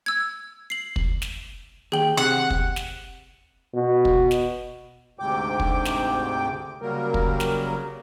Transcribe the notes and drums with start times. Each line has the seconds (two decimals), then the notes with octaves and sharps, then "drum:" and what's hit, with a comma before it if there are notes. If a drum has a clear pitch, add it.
0.06 E6 G#6
0.70 C7 F#7
0.96 drum: kick
1.22 drum: snare
1.92 D#2 G#4 G5 F#7
2.17 C3 F#5
2.50 drum: kick
2.76 drum: snare
3.74 B2
4.05 drum: kick
4.31 drum: snare
5.19 D2 G#2 C3 G5 D6
5.60 drum: kick
5.85 drum: snare
6.82 C#3 F#3 G3 A#3 A#4
7.14 drum: kick
7.40 drum: snare